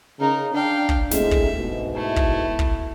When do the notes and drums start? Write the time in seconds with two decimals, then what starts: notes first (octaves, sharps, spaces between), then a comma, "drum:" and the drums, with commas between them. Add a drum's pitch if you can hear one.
0.20 C#3 D#4 A#4
0.54 D4 F5 G5
0.89 drum: kick
1.11 A2 C3 G#3 E5, drum: snare
1.31 drum: kick
1.57 G#2 B2
1.95 A3 E4
2.16 drum: kick
2.59 drum: kick